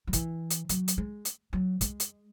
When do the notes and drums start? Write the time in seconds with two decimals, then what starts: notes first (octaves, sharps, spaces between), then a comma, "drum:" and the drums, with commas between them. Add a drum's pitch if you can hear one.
0.07 F#3
0.13 E3, drum: kick, hi-hat
0.50 drum: hi-hat
0.69 F#3, drum: hi-hat
0.88 drum: hi-hat
0.98 G#3
1.25 drum: hi-hat
1.53 F#3
1.81 G#3, drum: kick, hi-hat
2.00 drum: hi-hat